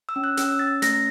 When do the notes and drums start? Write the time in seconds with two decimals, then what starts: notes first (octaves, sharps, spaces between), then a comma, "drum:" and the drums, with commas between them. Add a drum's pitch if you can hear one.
0.09 E6
0.16 C#4
0.24 F#6
0.37 C#4 E6, drum: hi-hat
0.59 C#4 A6
0.82 A3 A#6, drum: hi-hat